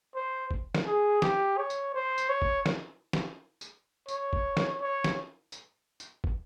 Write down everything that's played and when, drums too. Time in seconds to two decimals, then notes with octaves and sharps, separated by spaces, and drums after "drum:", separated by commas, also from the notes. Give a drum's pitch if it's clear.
0.15 C5
0.51 drum: kick
0.75 drum: snare
0.86 G#4
1.22 G4, drum: snare
1.58 C#5
1.70 drum: tambourine
1.94 C5
2.18 drum: tambourine
2.29 C#5
2.42 drum: kick
2.66 drum: snare
3.13 drum: snare
3.61 drum: tambourine
4.08 C#5, drum: tambourine
4.33 drum: kick
4.57 drum: snare
4.81 C#5
5.04 drum: snare
5.52 drum: tambourine
6.00 drum: tambourine
6.24 drum: kick